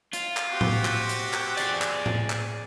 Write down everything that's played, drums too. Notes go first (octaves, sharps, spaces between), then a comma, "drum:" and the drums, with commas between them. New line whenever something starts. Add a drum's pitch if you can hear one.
F4, drum: hi-hat
drum: clap
C4 F#4 G4
drum: tom A2
drum: clap
drum: hi-hat
drum: clap
G#4 D5, drum: hi-hat
drum: clap
drum: tom A2
drum: clap